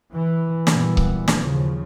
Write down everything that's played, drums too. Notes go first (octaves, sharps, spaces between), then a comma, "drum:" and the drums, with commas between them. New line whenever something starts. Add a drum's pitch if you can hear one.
E3
F#2 A#2 E3 G3 B3, drum: snare
drum: kick C#1
drum: snare
D#2 C#3 F3